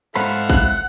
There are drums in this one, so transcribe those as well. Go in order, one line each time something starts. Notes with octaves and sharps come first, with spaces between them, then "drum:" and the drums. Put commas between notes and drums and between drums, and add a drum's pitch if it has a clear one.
G#2 E4 A4 C5 F5 F#5 B5
F#6, drum: kick